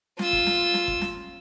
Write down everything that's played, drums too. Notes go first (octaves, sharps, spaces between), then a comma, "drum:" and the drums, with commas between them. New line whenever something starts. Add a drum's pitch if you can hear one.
F4 E6, drum: snare
drum: kick
drum: snare
drum: snare
drum: kick
drum: snare